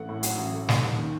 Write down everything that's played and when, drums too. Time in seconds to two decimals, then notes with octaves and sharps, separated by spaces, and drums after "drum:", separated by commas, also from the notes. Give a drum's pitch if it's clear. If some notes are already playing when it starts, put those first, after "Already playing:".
Already playing: A1 A3 F#5
0.09 A2
0.23 F#3 F#5, drum: hi-hat
0.38 A1
0.53 A3
0.69 D#2, drum: snare
0.83 D#2
0.99 D#3